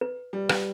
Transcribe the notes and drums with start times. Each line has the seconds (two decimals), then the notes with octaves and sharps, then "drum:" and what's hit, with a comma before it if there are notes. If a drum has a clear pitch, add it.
0.01 B4
0.33 G3
0.49 B4, drum: rim click